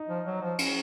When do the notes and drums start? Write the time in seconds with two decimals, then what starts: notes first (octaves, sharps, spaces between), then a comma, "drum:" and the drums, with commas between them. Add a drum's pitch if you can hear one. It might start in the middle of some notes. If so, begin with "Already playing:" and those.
Already playing: D#4
0.09 F3
0.26 F#3
0.42 F3
0.59 C#4, drum: cymbal